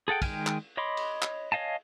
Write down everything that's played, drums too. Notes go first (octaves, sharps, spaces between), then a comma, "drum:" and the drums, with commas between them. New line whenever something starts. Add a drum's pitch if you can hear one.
G#4 A4 F#5 G5
D#3 G#3 G5 G#5 F6, drum: kick, cymbal
drum: clap
C#5 D#5 B5 C6 D6
drum: cymbal
drum: clap
C#5 D#5 F5 G#5 A5